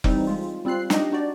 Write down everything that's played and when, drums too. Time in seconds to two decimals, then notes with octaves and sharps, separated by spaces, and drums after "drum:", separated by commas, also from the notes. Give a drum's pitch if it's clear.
0.04 E3 G3 C4 D#4, drum: kick F1
0.27 G#3 F4
0.65 G3 C4 F4 F#6 C7
0.90 D4 D#4 G4 D#5, drum: snare
1.11 D4 D#4 F#4 D5